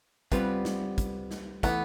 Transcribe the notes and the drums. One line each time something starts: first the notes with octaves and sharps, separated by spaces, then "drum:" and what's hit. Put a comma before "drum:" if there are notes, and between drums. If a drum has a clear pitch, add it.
G3 B3 C4 F4 B4, drum: kick, hi-hat
drum: snare
drum: kick, hi-hat
drum: snare
E3 A3 B3, drum: kick, hi-hat